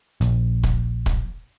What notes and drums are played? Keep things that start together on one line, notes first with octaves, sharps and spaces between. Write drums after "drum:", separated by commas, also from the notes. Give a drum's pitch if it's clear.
A#1, drum: hi-hat
drum: kick, hi-hat
drum: kick, hi-hat